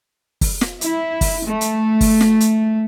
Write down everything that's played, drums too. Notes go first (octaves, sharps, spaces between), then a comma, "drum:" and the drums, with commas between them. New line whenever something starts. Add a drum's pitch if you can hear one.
drum: kick, open hi-hat
drum: snare
E4, drum: hi-hat
drum: kick, open hi-hat
A3
drum: hi-hat
drum: kick, open hi-hat
drum: snare
drum: hi-hat